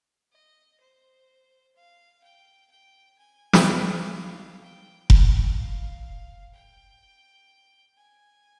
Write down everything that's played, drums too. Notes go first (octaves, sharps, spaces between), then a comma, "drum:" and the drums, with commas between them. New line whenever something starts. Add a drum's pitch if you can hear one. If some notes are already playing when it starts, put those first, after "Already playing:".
D#5
C5
F5
G5
G5
G#5
drum: snare
G5
F5
G5
G5, drum: kick F1
F5
G5
G#5